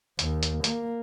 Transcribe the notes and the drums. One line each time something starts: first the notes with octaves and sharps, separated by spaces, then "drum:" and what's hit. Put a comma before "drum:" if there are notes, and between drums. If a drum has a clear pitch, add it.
D#2, drum: hi-hat
drum: hi-hat
A#3, drum: hi-hat